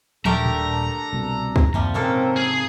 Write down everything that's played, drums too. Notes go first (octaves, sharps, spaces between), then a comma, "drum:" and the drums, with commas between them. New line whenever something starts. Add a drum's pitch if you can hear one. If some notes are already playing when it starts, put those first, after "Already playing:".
D#1 A3 D4 G4 A4 A#4 A#5, drum: tom
drum: tom A#2
C2 B2
drum: kick B1
D#2 C3 F3 G3, drum: tom
G#2 C3 G#3 A#3 C4 C#4 A4 A#4, drum: tom A#2
G#4